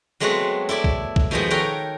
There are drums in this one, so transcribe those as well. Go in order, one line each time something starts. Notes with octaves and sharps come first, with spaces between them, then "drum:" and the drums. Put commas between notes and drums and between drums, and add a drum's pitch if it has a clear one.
F#3 G#3 A3 B3 C4 F#4
E4 A4 D5 B5
drum: kick
drum: kick
B2 D#3 F3 G#3 B3
A4 A#4 C#5 F#5 G5 A#5